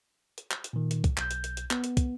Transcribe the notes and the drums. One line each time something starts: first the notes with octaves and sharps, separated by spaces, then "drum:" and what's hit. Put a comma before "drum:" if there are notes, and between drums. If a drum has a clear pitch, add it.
drum: hi-hat
drum: clap
drum: hi-hat
A#2 D#3
drum: hi-hat
drum: kick, hi-hat
B1 G6, drum: clap
drum: hi-hat
drum: hi-hat
drum: hi-hat
B3, drum: clap
drum: hi-hat
drum: kick, hi-hat